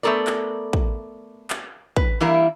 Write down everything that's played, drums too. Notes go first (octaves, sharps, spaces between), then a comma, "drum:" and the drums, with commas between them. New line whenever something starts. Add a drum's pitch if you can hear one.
A3 B3 A4 A#4 D5
drum: clap
drum: kick
drum: clap
B4, drum: kick
E3 G3 A#3 E4 A#4